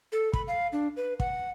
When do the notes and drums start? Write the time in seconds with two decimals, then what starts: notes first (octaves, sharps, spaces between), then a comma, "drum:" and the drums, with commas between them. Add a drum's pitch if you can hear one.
0.12 A4
0.33 B5, drum: kick
0.48 F5
0.73 D4
0.97 B4
1.20 F#5, drum: kick